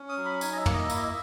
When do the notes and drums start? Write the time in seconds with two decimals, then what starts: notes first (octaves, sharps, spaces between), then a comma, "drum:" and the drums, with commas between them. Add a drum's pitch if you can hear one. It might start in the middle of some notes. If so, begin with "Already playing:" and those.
Already playing: C#4
0.09 D#6
0.17 F#3
0.25 B5
0.41 D#4 G#5, drum: tambourine
0.52 D#5
0.57 E5
0.66 A#3, drum: tom
0.74 D#5
0.90 E4 E5, drum: tambourine
0.97 D#5
1.03 E5